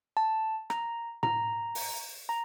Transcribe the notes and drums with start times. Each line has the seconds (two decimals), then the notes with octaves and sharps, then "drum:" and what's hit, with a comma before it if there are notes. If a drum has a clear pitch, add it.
0.17 A5
0.70 A#5, drum: rim click
1.23 A#5, drum: tom A2
1.75 drum: open hi-hat
2.29 A#5